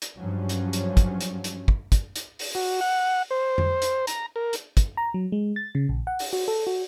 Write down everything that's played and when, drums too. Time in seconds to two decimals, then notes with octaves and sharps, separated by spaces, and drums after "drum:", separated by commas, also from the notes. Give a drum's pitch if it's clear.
0.02 drum: hi-hat
0.17 G2 F3 F#3 C#4
0.49 drum: hi-hat
0.73 drum: hi-hat
0.97 drum: kick, hi-hat
1.21 drum: hi-hat
1.44 drum: hi-hat
1.68 drum: kick
1.92 drum: kick, hi-hat
2.16 drum: hi-hat
2.39 drum: open hi-hat
2.55 F#4
2.81 F#5
3.31 C5
3.58 drum: tom F2
3.82 drum: hi-hat
4.07 A#5, drum: hi-hat
4.36 A#4
4.53 drum: hi-hat
4.77 drum: kick, hi-hat
4.97 A#5
5.14 F#3
5.32 G#3
5.56 A6
5.75 C#3
5.89 A#1
6.07 F#5
6.19 drum: open hi-hat
6.33 F#4
6.48 A4
6.67 F#4